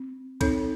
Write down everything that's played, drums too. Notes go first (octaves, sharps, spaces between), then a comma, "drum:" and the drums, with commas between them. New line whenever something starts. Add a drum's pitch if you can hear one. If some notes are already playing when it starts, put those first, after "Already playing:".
Already playing: C4
C4 D#4 A4 C#5, drum: kick, cymbal